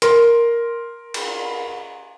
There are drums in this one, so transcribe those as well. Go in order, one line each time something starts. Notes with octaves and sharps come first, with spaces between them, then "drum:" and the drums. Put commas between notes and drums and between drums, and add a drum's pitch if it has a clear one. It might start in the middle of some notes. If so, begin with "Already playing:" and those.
A#4 C6, drum: hi-hat
drum: cymbal